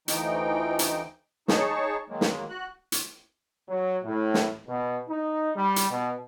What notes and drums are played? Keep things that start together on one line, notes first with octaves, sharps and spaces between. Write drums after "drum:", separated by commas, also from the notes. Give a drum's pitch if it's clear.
D2 E3 F3 D#4 G5, drum: hi-hat
drum: hi-hat
D#4 G#4 C#5 A5 C#6, drum: snare
D#3 F#3 G#3 A#3
drum: snare
F#4 F#6
drum: hi-hat
F#3
A2
drum: snare
B2
D#4
G3
drum: hi-hat
B2